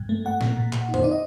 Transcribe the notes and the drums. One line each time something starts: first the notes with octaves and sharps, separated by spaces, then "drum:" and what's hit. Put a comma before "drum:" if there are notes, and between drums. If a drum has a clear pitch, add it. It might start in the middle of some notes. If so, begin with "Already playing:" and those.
Already playing: G2
A3
A3 F#5
A#2, drum: snare
A#2
A#2, drum: clap
D#4
C5, drum: tom F2
D#4 D5
D#5